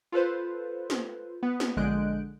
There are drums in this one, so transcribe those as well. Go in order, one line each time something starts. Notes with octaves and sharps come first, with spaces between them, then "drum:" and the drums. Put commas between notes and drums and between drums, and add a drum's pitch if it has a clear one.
F4 A4 B4 C5
drum: snare
B3
drum: snare
A#1 D3 G#3 F#6 G6 D7